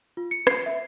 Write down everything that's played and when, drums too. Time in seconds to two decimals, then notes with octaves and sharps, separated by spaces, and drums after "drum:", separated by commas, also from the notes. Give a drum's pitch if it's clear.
0.17 F4
0.31 C#7
0.47 C7, drum: rim click
0.66 E5